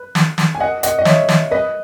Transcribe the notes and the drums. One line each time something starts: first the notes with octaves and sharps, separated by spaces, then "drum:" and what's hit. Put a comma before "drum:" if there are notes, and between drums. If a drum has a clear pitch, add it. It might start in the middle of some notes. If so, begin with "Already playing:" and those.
Already playing: B4
drum: snare
drum: snare
G#5
D#5 F#5
D#5 F#5, drum: hi-hat
D#5
C#5 E5, drum: snare
drum: snare
B4 D#5